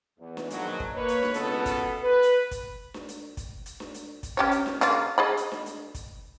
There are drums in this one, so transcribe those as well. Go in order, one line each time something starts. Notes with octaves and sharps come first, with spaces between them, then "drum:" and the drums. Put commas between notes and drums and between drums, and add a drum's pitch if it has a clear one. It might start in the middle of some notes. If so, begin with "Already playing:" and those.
E2
drum: snare D4
A#1 G#2 B2 D#3 F3 F#3, drum: hi-hat
drum: kick
A#3 B4 C#5
drum: hi-hat
drum: snare D4
C#2 B2 B3 A4, drum: hi-hat
drum: kick, hi-hat
B4
drum: hi-hat
drum: kick, hi-hat
drum: snare D4
drum: hi-hat
drum: kick, hi-hat
drum: hi-hat
drum: snare D4
drum: hi-hat
drum: kick, hi-hat
C#4 G4 C#5
drum: hi-hat
drum: snare D4
C#3 A#3 F4, drum: hi-hat
G#4 D#5 B5
drum: hi-hat
drum: snare D4
drum: hi-hat
drum: kick, hi-hat